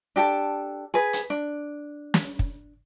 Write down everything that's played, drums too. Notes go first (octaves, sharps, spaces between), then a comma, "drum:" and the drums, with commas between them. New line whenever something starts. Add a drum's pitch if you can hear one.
D4 G4 A4
G#4 B4
drum: hi-hat
D4
drum: snare
drum: kick